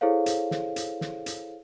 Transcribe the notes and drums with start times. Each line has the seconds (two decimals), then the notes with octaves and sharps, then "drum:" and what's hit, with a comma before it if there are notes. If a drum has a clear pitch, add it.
0.01 E4 G#4 A4 C5 C#5 F5
0.26 drum: hi-hat
0.51 drum: snare
0.76 drum: hi-hat
1.01 drum: snare
1.26 drum: hi-hat